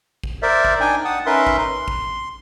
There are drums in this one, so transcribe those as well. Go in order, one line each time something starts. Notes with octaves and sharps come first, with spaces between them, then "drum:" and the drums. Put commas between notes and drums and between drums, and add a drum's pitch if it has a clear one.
drum: kick
A#4 C5 D5 E5
drum: kick
D4 D#4 G5 G#5
F#5 A5 D#6
C#4 D#4 A#4 B4 E5 C6
drum: kick
C6
drum: kick